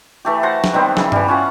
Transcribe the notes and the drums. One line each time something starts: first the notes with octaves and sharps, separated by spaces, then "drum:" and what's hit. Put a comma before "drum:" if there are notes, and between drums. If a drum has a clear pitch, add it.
E3 A3 G4
C5 F#5 A5 A#5
drum: snare
D#3 G3 B3 C4
C#3 E4, drum: snare
E3 G3, drum: tom G2
C#4 F4 F#5